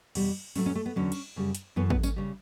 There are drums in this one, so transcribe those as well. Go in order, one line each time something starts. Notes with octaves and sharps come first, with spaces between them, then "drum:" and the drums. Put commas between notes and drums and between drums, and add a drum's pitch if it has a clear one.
E2 B2 G3, drum: cymbal
A2 F#3 A3 C#4, drum: open hi-hat
C#4
A3
B3
E2 D3 F#3 C#4
drum: cymbal
F#2 C#3 G3
drum: hi-hat
F#2 E3 A3 B3
B3, drum: kick
C#4, drum: tambourine
C#3 G3